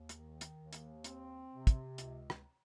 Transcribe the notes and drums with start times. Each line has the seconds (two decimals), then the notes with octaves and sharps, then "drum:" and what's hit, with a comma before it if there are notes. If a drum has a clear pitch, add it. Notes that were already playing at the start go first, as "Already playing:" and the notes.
Already playing: D#2
0.09 D#3, drum: hi-hat
0.41 drum: hi-hat
0.57 D#2
0.73 drum: hi-hat
1.04 C4, drum: hi-hat
1.51 C3
1.67 drum: kick, hi-hat
1.98 C#2, drum: hi-hat
2.30 drum: rim click